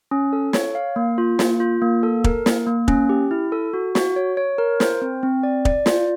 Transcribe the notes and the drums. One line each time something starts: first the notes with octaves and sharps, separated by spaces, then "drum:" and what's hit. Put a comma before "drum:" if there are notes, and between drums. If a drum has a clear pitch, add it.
C#4
A4
C#5, drum: snare
F5
A#3
F4
A#3, drum: snare
F4
A#3
A4
A#4, drum: kick
A#3, drum: snare
A#3
C#4, drum: kick
G4
E4
A4
F#4
F#4, drum: snare
C#5
C#5
A#4
C5, drum: snare
C4
C4
D5
D5, drum: kick
F4, drum: snare